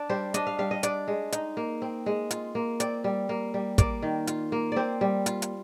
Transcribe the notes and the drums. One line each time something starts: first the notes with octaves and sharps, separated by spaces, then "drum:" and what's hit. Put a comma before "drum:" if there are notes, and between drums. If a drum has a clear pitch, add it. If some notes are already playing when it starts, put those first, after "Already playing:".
Already playing: D4 D5
G3 C5
D4 D#5, drum: hi-hat
F5
G3 F5
D#5
D4 D5, drum: hi-hat
G#3
D#4, drum: hi-hat
A#3
C4
G#3
F4, drum: hi-hat
A#3
C4 D5, drum: hi-hat
G3
A#3
G3
A#3 D5, drum: kick, hi-hat
D#3
F4, drum: hi-hat
A#3
C4 C5 D5
G3
F4, drum: hi-hat
drum: hi-hat